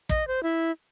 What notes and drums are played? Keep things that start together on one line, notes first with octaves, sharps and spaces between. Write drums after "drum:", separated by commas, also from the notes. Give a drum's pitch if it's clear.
D#5, drum: kick
C5
E4